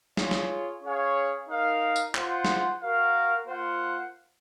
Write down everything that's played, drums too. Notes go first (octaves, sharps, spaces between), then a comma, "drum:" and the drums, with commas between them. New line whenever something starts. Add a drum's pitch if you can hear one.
F4 G#4 C#5, drum: snare
drum: snare
C#4 G#4 C#5 F5
D#4 A#4 F5
drum: tambourine
F4 C5 F#5, drum: clap
drum: snare
F#4 A#4 F5
A#3 F4 C5 F#5